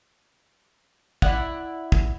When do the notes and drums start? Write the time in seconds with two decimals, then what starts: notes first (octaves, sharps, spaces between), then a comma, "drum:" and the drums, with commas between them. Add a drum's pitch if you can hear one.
1.22 E4 D5 F#5, drum: kick
1.92 drum: kick